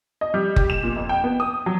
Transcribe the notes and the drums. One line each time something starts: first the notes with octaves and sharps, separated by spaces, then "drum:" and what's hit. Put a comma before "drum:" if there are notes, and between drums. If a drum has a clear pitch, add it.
D#5
G3
G4, drum: kick F#1
E7
A#2
F2
G5
B3
D#6
F#3